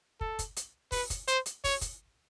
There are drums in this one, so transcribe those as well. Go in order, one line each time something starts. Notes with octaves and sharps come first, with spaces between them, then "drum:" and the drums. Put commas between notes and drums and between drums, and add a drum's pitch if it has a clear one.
A4, drum: kick
drum: kick, hi-hat
drum: hi-hat
B4, drum: kick, open hi-hat
drum: kick, hi-hat
C5, drum: hi-hat
drum: hi-hat
C#5, drum: kick, open hi-hat
drum: kick, hi-hat